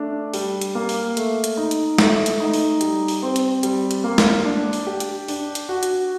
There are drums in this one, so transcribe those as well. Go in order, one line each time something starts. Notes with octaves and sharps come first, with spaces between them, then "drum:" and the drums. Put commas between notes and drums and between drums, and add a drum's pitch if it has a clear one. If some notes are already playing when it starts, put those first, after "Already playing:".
Already playing: A3 D4
G3, drum: open hi-hat
drum: hi-hat
A#3
drum: open hi-hat
A3, drum: hi-hat
drum: hi-hat
D#4
drum: hi-hat
A3, drum: snare
drum: hi-hat
D#4
drum: open hi-hat
G3, drum: hi-hat
drum: open hi-hat
C4
drum: hi-hat
G3, drum: hi-hat
drum: hi-hat
A#3
drum: snare
D4
drum: open hi-hat
G4
drum: hi-hat
D4, drum: open hi-hat
drum: hi-hat
F#4
drum: hi-hat